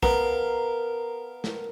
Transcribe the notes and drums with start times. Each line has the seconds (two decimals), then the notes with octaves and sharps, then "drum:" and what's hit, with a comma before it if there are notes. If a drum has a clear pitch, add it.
0.03 B3 A#4 F5, drum: kick
1.44 drum: snare